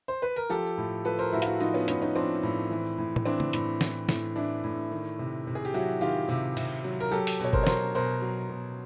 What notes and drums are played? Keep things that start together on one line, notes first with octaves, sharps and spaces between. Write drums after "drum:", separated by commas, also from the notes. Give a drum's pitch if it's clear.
C5
B4
A#4
F3 G4 A4
A2
F3 A4 B4
A#4 C5
A2 E4 F#4
F4, drum: hi-hat
E4 F#4
F3 D#4 F4
B3 C#4
A2 C#4 D#4, drum: hi-hat
C#4 D#4
F3 C4 D4
A2
E3
A2
drum: tom A2
E3 C4 D4
drum: tom C#3
A2, drum: hi-hat
E3, drum: snare
A2, drum: snare
E3 D4 E4
A2
D#3
C3
C3
G#4
G4
F#3 E4 F#4
D#3 F4 G4
C3
C3, drum: cymbal
F#3
A#4
F#3 G4 A4
drum: open hi-hat
B2 C#5
A#4 C5, drum: kick F#1
C#5
F#3 A#4 C5, drum: snare
B2 A#4 C5
F#3
B2